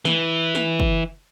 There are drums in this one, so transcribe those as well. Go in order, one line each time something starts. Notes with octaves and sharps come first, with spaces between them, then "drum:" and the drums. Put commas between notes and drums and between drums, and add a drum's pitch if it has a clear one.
E3, drum: snare
drum: snare
drum: kick